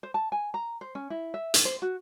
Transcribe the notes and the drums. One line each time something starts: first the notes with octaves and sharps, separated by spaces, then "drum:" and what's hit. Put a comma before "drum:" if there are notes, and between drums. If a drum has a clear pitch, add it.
C5
A5
G#5
A#5
C5
C#4
E4
E5
drum: hi-hat
C5
F#4